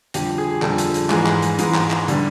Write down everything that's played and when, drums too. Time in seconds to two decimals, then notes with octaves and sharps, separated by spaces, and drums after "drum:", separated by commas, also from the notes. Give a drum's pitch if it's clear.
0.14 F2 D3 G3 G4, drum: hi-hat
0.38 G#4
0.62 F2 D3 G3 A4, drum: clap
0.78 drum: hi-hat
0.94 drum: hi-hat
1.10 G#2 E3 G#3 G#4, drum: clap
1.26 drum: clap
1.42 drum: hi-hat
1.59 G#2 E3 G#3, drum: hi-hat
1.74 drum: clap
1.90 drum: clap
2.08 D3 G3, drum: hi-hat